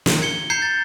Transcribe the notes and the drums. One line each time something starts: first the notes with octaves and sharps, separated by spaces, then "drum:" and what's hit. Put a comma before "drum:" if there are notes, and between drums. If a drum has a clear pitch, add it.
drum: snare
G#6 C#7 G7
A#5 G6 G#6 C7 C#7
A6